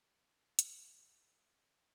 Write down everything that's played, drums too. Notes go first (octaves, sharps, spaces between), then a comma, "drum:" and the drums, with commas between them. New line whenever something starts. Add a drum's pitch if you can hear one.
E5 F5, drum: hi-hat
C3 D#3 A#3 F4 G#4 A4 E5 F#5